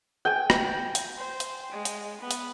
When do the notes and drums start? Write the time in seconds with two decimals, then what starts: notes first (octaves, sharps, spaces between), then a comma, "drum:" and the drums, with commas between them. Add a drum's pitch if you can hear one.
0.25 G5 G#5
0.50 drum: rim click
0.95 drum: hi-hat
1.18 C5
1.40 drum: hi-hat
1.72 G#3
1.85 drum: hi-hat
2.21 B3
2.31 drum: hi-hat